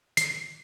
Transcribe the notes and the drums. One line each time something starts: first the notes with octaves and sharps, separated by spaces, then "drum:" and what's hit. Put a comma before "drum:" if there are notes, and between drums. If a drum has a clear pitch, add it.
C7, drum: hi-hat